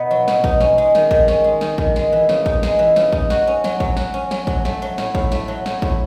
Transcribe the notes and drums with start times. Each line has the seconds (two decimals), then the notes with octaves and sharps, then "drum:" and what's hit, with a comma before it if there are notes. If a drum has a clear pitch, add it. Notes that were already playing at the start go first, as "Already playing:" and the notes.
Already playing: B2 B3 D#4
0.11 F#3
0.28 B2, drum: snare
0.44 D#4, drum: kick
0.61 C#4, drum: snare
0.78 G#3
0.95 D#3, drum: snare
1.11 D#3, drum: kick
1.28 C#4, drum: snare
1.44 G#3
1.61 D#3, drum: snare
1.78 D#3, drum: kick
1.96 G#3, drum: snare
2.12 E3
2.29 C#3, drum: snare
2.46 D#4, drum: kick
2.63 G#3, drum: snare
2.79 E3
2.96 C#3, drum: snare
3.13 D#4, drum: kick
3.30 F#4, drum: snare
3.47 C#4
3.64 F#3, drum: snare
3.80 F#3, drum: kick
3.97 F#4, drum: snare
4.14 C#4
4.31 F#3, drum: snare
4.47 F#3, drum: kick
4.65 A3, drum: snare
4.82 F#3
4.98 A2, drum: snare
5.15 A2, drum: kick
5.32 A3, drum: snare
5.48 F#3
5.66 A2, drum: snare
5.82 A2, drum: kick